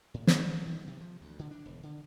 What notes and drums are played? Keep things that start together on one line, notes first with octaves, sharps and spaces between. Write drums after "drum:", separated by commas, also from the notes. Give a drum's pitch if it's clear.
A2
B3, drum: snare
F#3
D#3
C3
F3
D2
D3
D4
E1
D3